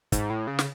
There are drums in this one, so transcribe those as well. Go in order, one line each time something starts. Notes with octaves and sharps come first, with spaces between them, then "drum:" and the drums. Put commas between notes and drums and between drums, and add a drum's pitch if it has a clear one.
G#2, drum: kick, hi-hat
A2
C#3
drum: snare